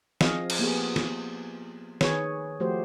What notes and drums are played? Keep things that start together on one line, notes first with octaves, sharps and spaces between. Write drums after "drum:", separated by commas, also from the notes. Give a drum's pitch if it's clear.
F3 C4 G#4 D#5 F5, drum: snare
drum: cymbal
A#3 B3 G4 G#4
drum: snare
D#3 G#4 B4 C#5, drum: snare
F3 A3 F#4 G4 C5